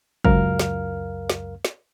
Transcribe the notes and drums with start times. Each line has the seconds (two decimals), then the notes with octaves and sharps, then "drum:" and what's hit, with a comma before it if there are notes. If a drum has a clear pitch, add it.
0.25 C#2 F#2 A#4 F5 F6, drum: kick
0.60 drum: snare
1.30 drum: snare
1.65 drum: snare